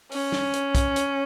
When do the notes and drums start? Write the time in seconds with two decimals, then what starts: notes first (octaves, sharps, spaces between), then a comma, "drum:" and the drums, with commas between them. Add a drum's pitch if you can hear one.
0.11 C#4, drum: open hi-hat
0.32 drum: snare
0.53 drum: hi-hat
0.75 drum: kick, hi-hat
0.96 drum: hi-hat